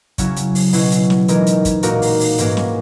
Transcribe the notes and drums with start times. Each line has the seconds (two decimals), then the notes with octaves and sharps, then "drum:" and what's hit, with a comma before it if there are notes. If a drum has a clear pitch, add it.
0.18 C#3 F#3 C#4 E4, drum: kick, hi-hat
0.37 drum: hi-hat
0.55 drum: open hi-hat
0.73 B2 F#3 C#4 E4, drum: open hi-hat
0.92 drum: hi-hat
1.10 drum: snare
1.28 E3 G#3 D#4 A#4, drum: hi-hat
1.47 drum: hi-hat
1.65 drum: kick, hi-hat
1.83 A#2 A#3 D#4 F#4 A#4, drum: hi-hat
2.02 drum: open hi-hat
2.20 drum: open hi-hat
2.38 G#2 E3 A#3 C#4 F#4, drum: hi-hat
2.57 drum: snare